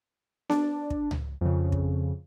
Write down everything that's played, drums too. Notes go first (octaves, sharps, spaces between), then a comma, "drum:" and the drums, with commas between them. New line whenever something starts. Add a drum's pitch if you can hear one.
D4, drum: snare B3
drum: kick
drum: tom C#2
F2 C#3
drum: kick